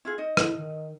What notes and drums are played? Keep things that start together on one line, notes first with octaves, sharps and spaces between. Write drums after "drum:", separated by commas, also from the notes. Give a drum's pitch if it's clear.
E4 F4 G#4
D#4 D#5
E4, drum: rim click
D#3